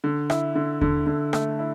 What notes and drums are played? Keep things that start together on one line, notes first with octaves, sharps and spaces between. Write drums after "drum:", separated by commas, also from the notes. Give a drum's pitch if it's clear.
D3
E4, drum: rim click
D3
D3, drum: kick D#2
D3
A3, drum: rim click
E4